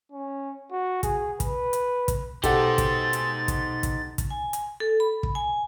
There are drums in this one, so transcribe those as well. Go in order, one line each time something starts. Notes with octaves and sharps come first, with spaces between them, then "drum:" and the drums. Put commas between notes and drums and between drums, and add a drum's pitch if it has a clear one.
C#4
F#4
G#4, drum: kick, hi-hat
B4, drum: kick, hi-hat
drum: hi-hat
drum: kick, hi-hat
B2 D#4 G4 A4 C5 F#5 A6, drum: kick, hi-hat
drum: kick, hi-hat
drum: hi-hat
drum: kick, hi-hat
drum: kick, hi-hat
drum: kick, hi-hat
G#5
drum: hi-hat
A4
B5
drum: kick
G#5